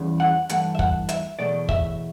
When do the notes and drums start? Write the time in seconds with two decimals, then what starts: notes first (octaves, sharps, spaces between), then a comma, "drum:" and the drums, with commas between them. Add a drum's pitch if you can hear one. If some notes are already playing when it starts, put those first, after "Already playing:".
Already playing: E2 C#3 G3
0.20 F#5
0.49 G2 E3 A3 F#5, drum: hi-hat
0.75 E5
0.79 F#5, drum: kick
1.09 E5, drum: hi-hat
1.39 E2 B2 F#3 A3 D5
1.69 E5, drum: kick